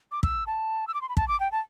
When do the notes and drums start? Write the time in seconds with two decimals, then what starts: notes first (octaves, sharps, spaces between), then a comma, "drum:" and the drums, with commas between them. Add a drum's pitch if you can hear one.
0.12 D6
0.23 E6, drum: kick
0.47 A5
0.88 E6
0.94 D6
1.02 C6
1.09 B5
1.17 A5, drum: kick
1.28 D6
1.40 G5
1.52 A5